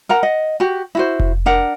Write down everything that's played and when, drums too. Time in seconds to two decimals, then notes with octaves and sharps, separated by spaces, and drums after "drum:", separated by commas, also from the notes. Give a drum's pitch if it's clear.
0.09 A#4 F#5 A#5
0.23 D#5 F#5
0.60 F#4 G4
0.95 E4 F#4 C5
1.20 drum: kick F1
1.46 D4 A#4 F#5